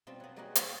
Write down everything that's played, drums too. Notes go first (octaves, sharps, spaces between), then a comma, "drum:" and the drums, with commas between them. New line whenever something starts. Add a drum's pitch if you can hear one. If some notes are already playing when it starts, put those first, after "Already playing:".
B2 G3 C4 F4
F#3 B3
G3 G#3 A#3 D#4 F#4 G#5
E4 C#5 A5 A#5, drum: hi-hat